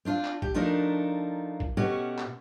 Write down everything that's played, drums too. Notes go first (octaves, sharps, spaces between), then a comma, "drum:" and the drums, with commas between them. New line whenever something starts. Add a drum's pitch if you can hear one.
C4 D4 F4
drum: clap
G4, drum: kick
F3 A3 D4 D#4 F4 A#4
drum: kick
B2 A3 C#4 F#4 G4
drum: clap